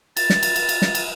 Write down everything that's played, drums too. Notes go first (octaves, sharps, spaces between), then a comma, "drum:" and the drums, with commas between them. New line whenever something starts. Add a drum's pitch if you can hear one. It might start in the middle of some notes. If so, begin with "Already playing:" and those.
A6, drum: cymbal
drum: snare
drum: cymbal
drum: cymbal
drum: cymbal
drum: snare
drum: cymbal